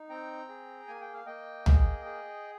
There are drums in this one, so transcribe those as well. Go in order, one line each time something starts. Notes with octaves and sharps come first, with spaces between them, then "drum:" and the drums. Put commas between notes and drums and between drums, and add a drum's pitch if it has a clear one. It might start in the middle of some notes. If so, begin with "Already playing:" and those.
Already playing: D#4
C4 G5 A#5
G#4
A#3 G#5
G5
F5
A#3 D#5 G5
G#4, drum: tom B1
G#4